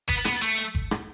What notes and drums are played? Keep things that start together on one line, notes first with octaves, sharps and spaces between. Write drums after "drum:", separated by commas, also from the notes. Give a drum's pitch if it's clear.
B3, drum: kick F#1
B3, drum: rim click
A3
drum: hi-hat
drum: kick F#1
drum: rim click